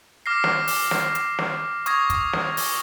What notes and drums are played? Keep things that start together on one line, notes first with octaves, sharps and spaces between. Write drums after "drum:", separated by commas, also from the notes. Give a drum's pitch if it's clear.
D6 F6 A#6 C7
drum: snare
drum: open hi-hat
drum: snare
drum: hi-hat
drum: snare
C#6 D#6 G#6 A#6, drum: hi-hat
drum: kick, hi-hat
drum: snare
drum: open hi-hat